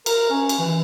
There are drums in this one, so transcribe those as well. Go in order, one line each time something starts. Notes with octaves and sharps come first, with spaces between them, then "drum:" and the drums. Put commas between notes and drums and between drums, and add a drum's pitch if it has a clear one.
A#4, drum: cymbal
C#4
drum: cymbal
E3